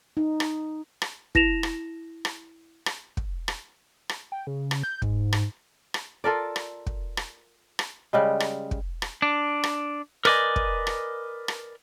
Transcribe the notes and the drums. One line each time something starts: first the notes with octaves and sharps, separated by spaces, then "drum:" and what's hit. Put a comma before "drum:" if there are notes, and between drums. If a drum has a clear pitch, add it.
D#4
drum: rim click
drum: rim click
E4 A#6 E7 F7, drum: kick
drum: rim click
drum: rim click
drum: rim click
drum: kick
drum: rim click
drum: rim click
G5
C#3
drum: rim click
G6
G#2, drum: kick
drum: rim click
drum: rim click
F4 A4 A#4 D5
drum: rim click
drum: kick
drum: rim click
drum: rim click
C#3 G3 G#3
drum: rim click
drum: kick
drum: rim click
D4
drum: rim click
A#4 B4 D5 D#5 G#5, drum: rim click
drum: kick
drum: rim click
drum: rim click